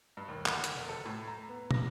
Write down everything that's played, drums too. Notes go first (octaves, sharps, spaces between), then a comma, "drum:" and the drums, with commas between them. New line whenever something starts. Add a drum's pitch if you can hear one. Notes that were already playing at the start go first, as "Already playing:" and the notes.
G2
D#2
D3, drum: clap
drum: hi-hat
F1
A4
A2
A#5
B3
A#6, drum: tom